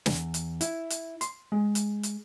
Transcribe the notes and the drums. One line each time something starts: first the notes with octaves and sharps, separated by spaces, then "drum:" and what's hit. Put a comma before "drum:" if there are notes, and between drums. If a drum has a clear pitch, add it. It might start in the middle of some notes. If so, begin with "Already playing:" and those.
E2, drum: snare
drum: hi-hat
E4, drum: hi-hat
drum: hi-hat
C6, drum: hi-hat
G#3
drum: hi-hat
drum: hi-hat